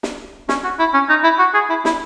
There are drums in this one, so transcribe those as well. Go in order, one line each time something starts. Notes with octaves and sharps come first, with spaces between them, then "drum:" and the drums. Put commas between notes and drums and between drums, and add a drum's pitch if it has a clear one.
drum: snare
C#4, drum: snare
F#4
E4
C#4
D#4
E4
F#4
G#4
E4
E4, drum: snare